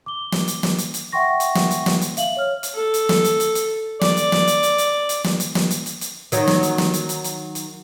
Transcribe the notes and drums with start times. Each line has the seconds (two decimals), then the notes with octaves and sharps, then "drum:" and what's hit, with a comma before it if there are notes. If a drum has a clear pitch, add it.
0.06 D6 G7
0.32 drum: snare
0.48 drum: hi-hat
0.63 drum: snare
0.78 drum: hi-hat
0.94 drum: hi-hat
1.12 E5 F#5 G5 C6 C#6 A#6
1.40 drum: hi-hat
1.55 drum: snare
1.71 drum: hi-hat
1.86 drum: snare
2.01 drum: hi-hat
2.17 E5 F5 F#7, drum: hi-hat
2.37 C#5 F6
2.63 drum: hi-hat
2.75 A4
2.94 drum: hi-hat
3.09 drum: snare
3.24 drum: hi-hat
3.40 drum: hi-hat
3.55 drum: hi-hat
4.01 D5, drum: snare
4.17 drum: hi-hat
4.32 drum: snare
4.47 drum: hi-hat
4.63 drum: hi-hat
4.78 drum: hi-hat
5.09 drum: hi-hat
5.24 drum: snare
5.40 drum: hi-hat
5.55 drum: snare
5.71 drum: hi-hat
5.86 drum: hi-hat
6.01 drum: hi-hat
6.32 D#3 F#3, drum: hi-hat
6.47 drum: snare
6.63 drum: hi-hat
6.78 drum: snare
6.94 drum: hi-hat
7.09 drum: hi-hat
7.24 drum: hi-hat
7.55 drum: hi-hat